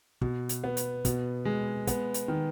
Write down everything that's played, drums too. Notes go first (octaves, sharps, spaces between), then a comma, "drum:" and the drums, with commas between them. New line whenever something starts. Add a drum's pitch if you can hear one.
B2, drum: kick
drum: hi-hat
B3
drum: hi-hat
B2, drum: kick, hi-hat
G#3
B3, drum: kick, hi-hat
drum: hi-hat
D#3